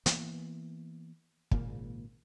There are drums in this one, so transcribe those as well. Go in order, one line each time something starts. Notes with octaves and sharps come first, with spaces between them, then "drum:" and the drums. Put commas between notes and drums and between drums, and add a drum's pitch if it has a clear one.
E3 A#3 B3, drum: hi-hat
G#1 A#2 C#3 A#3, drum: kick